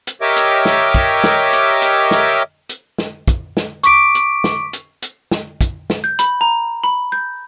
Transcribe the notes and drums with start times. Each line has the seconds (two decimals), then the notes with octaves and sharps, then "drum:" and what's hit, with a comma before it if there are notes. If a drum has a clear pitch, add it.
0.07 drum: hi-hat
0.21 G4 A#4 C#5 D#5 E5 D6
0.36 drum: hi-hat
0.65 drum: snare
0.95 drum: kick
1.24 drum: snare
1.53 drum: hi-hat
1.82 drum: hi-hat
2.11 drum: snare
2.69 drum: hi-hat
2.98 drum: snare
3.28 drum: kick, hi-hat
3.57 drum: snare
3.83 C#6 D6 B6 D7, drum: hi-hat
4.15 drum: hi-hat
4.44 drum: snare
4.73 drum: hi-hat
5.02 drum: hi-hat
5.31 drum: snare
5.61 drum: kick, hi-hat
5.90 drum: snare
6.04 G6
6.19 B5, drum: hi-hat
6.41 A#5
6.84 B5
7.12 G6